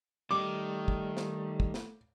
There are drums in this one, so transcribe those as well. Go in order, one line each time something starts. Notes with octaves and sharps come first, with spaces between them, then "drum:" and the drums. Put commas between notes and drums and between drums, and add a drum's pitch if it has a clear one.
D#3 G3 A3 D6
drum: kick
drum: snare
drum: kick
drum: snare